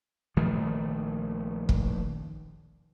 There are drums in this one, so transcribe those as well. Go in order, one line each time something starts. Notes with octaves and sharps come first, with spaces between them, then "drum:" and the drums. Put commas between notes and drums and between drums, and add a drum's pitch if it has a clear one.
A#1 D#3 F3 A3
drum: kick